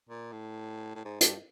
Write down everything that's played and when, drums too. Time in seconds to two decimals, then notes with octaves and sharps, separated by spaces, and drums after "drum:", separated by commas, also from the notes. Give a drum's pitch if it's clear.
0.09 A#2
0.32 A2
0.95 A2
1.05 G#2
1.21 G2, drum: hi-hat